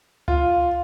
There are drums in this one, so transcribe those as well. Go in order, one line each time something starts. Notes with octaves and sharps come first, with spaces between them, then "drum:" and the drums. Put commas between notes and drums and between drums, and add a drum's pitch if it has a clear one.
F4, drum: tom C#2